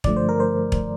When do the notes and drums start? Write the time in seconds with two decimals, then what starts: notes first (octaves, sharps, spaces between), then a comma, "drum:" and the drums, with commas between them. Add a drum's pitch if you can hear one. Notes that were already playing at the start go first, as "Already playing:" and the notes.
0.04 G2 D3 F3 A3 D5, drum: kick E1
0.16 C5
0.29 A#4
0.40 C5
0.72 drum: kick E1